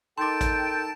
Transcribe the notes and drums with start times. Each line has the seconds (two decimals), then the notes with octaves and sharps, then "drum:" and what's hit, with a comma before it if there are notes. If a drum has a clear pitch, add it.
0.18 D#4 A4 A#4 G5 A5 C6 D6 A6
0.41 drum: kick, hi-hat